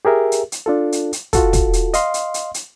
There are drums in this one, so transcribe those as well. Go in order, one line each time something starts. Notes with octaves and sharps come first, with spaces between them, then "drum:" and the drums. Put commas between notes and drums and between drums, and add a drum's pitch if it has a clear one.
G4 G#4 A#4 E5
drum: hi-hat
drum: hi-hat
D4 F4 A4
drum: hi-hat
drum: hi-hat
F4 F#4 A4, drum: kick, hi-hat
drum: kick, hi-hat
drum: hi-hat
D#5 F5 C6, drum: hi-hat
drum: hi-hat
drum: hi-hat
drum: hi-hat